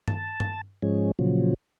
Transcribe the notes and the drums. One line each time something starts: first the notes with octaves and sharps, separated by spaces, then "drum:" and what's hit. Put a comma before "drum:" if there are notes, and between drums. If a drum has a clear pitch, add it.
A5, drum: tom G2
drum: tom G2
G#2 F3 G#3 C#4
A#2 C#3 F3 F#3